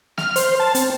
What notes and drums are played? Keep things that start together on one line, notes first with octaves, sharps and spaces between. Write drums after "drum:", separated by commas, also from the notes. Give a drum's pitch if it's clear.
F6, drum: snare
C5, drum: hi-hat
A5
C4, drum: hi-hat